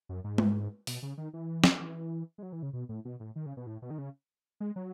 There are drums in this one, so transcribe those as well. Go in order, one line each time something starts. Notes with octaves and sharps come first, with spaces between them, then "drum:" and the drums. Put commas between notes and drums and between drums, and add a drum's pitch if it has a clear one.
F#2
G#2
drum: tom G#3
B2, drum: open hi-hat
C#3
D#3
E3
drum: snare
E3
G#3
F#3
E3
C#3
B2
A2
B2
A2
D#3
C#3
B2
A2
B2
D#3
C#3
G#3
F#3